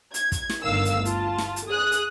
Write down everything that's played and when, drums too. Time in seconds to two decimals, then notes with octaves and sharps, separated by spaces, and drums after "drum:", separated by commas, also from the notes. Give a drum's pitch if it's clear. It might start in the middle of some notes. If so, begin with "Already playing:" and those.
0.14 G#6, drum: hi-hat
0.32 drum: kick, hi-hat
0.50 drum: snare
0.64 G1 D2 D#3 F5 E6
0.85 drum: hi-hat
1.05 F4 A5, drum: hi-hat
1.38 drum: snare
1.56 drum: hi-hat
1.67 G#4 D#6 F#6
1.92 drum: hi-hat